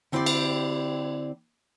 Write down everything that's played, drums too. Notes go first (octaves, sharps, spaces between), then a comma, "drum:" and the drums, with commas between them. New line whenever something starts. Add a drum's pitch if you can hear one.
D3 C4 E4 G4 C5 D5
drum: cymbal